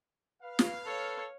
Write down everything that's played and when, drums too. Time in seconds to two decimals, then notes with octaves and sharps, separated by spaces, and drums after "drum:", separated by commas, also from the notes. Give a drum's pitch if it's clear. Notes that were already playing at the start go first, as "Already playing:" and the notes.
0.43 B4 F5
0.59 drum: snare
0.86 A4 C#5